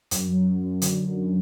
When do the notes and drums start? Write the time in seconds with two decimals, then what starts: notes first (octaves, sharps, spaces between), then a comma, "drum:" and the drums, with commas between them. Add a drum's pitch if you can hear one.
0.11 F#2, drum: hi-hat
0.28 F#3
0.46 F#2
0.63 F#2
0.82 D3, drum: hi-hat
0.99 F#2
1.16 F#2